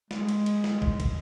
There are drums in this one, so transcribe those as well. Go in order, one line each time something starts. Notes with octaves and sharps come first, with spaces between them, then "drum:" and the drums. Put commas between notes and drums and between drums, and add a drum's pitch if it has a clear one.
G#3, drum: snare
drum: cymbal
drum: cymbal
drum: snare
drum: kick
drum: kick, cymbal